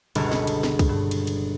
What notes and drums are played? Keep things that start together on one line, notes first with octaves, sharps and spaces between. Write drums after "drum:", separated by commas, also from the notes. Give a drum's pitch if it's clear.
G1 C#2 B2 D4 C#5 A#5, drum: cymbal
drum: snare
drum: cymbal
drum: snare
drum: kick C2, cymbal
G2
drum: cymbal
drum: cymbal